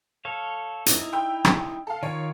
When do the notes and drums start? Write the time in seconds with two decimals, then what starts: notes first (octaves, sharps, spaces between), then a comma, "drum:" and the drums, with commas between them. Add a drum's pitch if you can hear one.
0.25 A4 C#5 F5
0.86 D#4 E4, drum: hi-hat
1.13 G5 B5 E6
1.45 drum: rim click
1.87 A4 F5
2.03 D#3 F4 C#5